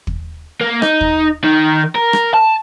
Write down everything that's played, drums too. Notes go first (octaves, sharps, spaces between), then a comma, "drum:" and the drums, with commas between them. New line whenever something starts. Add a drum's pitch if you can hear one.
drum: kick
A#3
D#4, drum: rim click
drum: kick
D#3
A#4
drum: rim click
A5